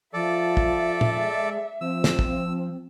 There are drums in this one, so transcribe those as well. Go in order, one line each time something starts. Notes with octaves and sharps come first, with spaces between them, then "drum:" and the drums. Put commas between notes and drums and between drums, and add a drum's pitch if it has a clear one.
F3 A4 D5 E5
drum: kick
drum: tom
G#3
F3 C4 E6
drum: snare
drum: kick